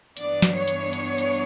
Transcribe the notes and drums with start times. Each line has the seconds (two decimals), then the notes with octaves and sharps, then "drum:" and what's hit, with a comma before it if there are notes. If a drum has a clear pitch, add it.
0.17 G2 E3 B3 D4 D5, drum: hi-hat
0.42 drum: snare
0.56 C#5
0.68 drum: hi-hat
0.93 drum: hi-hat
1.18 drum: hi-hat